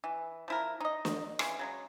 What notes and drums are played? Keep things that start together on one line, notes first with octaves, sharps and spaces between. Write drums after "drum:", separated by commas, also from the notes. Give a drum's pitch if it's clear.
E3
F3 E4 A#4
D#4 D#5
drum: snare
C#3 E3, drum: rim click
C#3 F#3 G#3